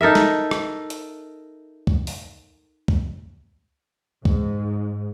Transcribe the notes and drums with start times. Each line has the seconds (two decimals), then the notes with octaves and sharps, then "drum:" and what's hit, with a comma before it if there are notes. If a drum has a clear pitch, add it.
0.01 D#4 A4 A#4 E5
0.15 drum: snare
0.51 drum: rim click
0.90 drum: hi-hat
1.87 drum: kick
2.07 drum: open hi-hat
2.88 drum: kick
4.25 G#2, drum: kick